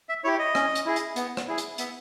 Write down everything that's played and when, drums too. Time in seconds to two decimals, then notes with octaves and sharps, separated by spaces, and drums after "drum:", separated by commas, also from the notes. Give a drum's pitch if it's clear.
0.09 E5
0.24 E4 G4 C#5
0.39 D#5
0.55 C#4, drum: rim click
0.75 drum: hi-hat
0.86 E4 G#4
0.96 drum: hi-hat
1.16 B3, drum: hi-hat
1.37 drum: rim click
1.48 E4 G#4
1.58 drum: hi-hat
1.78 B3 E5, drum: hi-hat